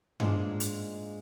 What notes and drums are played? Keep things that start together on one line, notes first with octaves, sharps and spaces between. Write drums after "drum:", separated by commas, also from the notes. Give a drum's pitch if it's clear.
G#2 G#3 A#3 B3 D4 F4, drum: tom G2
drum: hi-hat